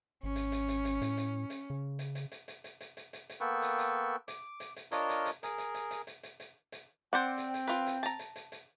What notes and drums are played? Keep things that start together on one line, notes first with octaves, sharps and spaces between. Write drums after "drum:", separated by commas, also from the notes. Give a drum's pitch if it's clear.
G#1 C#4
drum: hi-hat
drum: hi-hat
drum: hi-hat
drum: hi-hat
A2, drum: hi-hat
drum: hi-hat
drum: hi-hat
C#3
drum: hi-hat
drum: hi-hat
drum: hi-hat
drum: hi-hat
drum: hi-hat
drum: hi-hat
drum: hi-hat
drum: hi-hat
drum: hi-hat
A#3 B3 A4 B4 G5 C#6
drum: hi-hat
drum: hi-hat
D6, drum: hi-hat
drum: hi-hat
drum: hi-hat
D4 F4 A#4 C#5 D#5, drum: hi-hat
drum: hi-hat
drum: hi-hat
G#4 A#4, drum: hi-hat
drum: hi-hat
drum: hi-hat
drum: hi-hat
drum: hi-hat
drum: hi-hat
drum: hi-hat
drum: hi-hat
C4 C5 D5 F#5 G5
drum: hi-hat
drum: hi-hat
F4 B4, drum: hi-hat
drum: hi-hat
A5 A#5, drum: hi-hat
drum: hi-hat
drum: hi-hat
drum: hi-hat